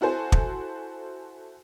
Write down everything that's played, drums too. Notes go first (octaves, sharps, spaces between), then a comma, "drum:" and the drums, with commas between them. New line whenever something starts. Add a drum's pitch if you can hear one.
E4 F#4 A4 C5 G#5
drum: kick